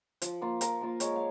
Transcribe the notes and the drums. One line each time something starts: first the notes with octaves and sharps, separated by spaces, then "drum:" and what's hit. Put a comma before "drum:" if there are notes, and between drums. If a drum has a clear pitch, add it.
F3, drum: hi-hat
A#3 F4
F3 A#4, drum: hi-hat
A#3 F4
G#3 C#5, drum: hi-hat
F5